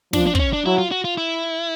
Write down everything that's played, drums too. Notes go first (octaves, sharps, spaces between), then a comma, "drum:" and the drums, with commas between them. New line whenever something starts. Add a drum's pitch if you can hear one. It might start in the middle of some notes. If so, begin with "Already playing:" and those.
F3 D4, drum: snare
D4
C4, drum: kick
C#4
D4
F#3 E4
F4
F#4
F4
E4